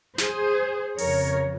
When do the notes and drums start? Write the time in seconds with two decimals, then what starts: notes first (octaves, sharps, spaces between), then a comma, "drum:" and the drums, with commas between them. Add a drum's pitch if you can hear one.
0.18 G#4 C5, drum: snare
0.98 F2 C#3 F3 A#4 C#5, drum: open hi-hat